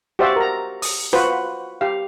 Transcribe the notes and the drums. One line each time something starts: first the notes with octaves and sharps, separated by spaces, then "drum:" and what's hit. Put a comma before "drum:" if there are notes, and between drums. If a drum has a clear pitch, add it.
F#4 G4 C5 D5 E5 F5
A#4 A#5
D#6, drum: open hi-hat
F4 F#4 B4 C5, drum: rim click
G4 F5